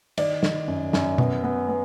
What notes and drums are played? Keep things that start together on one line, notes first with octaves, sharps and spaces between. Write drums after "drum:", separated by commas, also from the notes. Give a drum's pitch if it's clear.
D#3 D5, drum: cymbal
D#3, drum: snare
F#2
F#2, drum: snare
B3, drum: tom B2
B3
B3